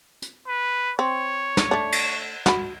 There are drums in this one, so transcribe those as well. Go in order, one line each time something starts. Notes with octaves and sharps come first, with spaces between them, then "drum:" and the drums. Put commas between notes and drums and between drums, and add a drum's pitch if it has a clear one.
drum: hi-hat
B4
C4 C#5
drum: snare
A3 D4
drum: cymbal
F#4 B5, drum: snare